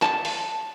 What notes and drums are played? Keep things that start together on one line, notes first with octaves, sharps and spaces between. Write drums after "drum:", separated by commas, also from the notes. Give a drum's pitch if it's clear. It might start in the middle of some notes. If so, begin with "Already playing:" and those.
A5, drum: clap
drum: open hi-hat